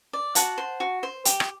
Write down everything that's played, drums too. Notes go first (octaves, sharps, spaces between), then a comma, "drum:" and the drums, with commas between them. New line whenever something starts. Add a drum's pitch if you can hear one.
D5
F#4 F#5 A5, drum: hi-hat
C5
F#4
C5
G4, drum: hi-hat
drum: rim click